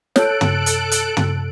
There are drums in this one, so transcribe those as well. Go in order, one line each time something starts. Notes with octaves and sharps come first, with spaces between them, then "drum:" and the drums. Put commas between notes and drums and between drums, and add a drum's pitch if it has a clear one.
A4 C#5 F#6 D7, drum: snare
drum: tom
drum: hi-hat
drum: hi-hat
drum: tom